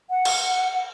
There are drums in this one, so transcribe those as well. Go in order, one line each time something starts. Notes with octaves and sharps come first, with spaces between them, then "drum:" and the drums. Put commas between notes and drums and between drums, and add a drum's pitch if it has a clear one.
F#5
drum: cymbal